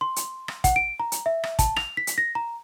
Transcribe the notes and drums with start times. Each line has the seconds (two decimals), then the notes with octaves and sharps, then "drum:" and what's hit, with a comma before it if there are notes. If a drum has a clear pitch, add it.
0.01 C6
0.16 drum: hi-hat
0.48 drum: rim click
0.64 F#5, drum: kick, hi-hat
0.76 D7
1.00 A#5
1.12 drum: hi-hat
1.26 E5
1.44 drum: rim click
1.59 A5, drum: kick, hi-hat
1.77 F7, drum: rim click
1.97 B6
2.07 drum: hi-hat
2.18 A#6
2.35 A#5